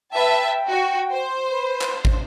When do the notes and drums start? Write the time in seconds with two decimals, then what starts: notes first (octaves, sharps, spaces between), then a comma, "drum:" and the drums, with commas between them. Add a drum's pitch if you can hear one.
0.12 B4 E5 G5 A5
0.68 F#4
1.12 C5
1.51 B4
1.81 drum: clap
2.05 drum: kick